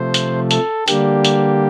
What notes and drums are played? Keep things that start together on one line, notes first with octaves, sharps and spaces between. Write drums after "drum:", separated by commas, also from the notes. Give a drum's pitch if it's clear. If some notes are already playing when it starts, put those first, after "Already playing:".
Already playing: C3 F3 A3 C5
drum: hi-hat
A4, drum: hi-hat
D3 G3 A#3 G4, drum: hi-hat
drum: hi-hat